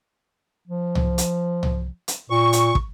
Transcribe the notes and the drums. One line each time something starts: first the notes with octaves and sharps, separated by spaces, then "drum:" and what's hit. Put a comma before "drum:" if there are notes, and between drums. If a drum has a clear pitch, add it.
F3
drum: tom
drum: hi-hat
drum: tom
drum: hi-hat
A#2 C#6
drum: hi-hat
drum: kick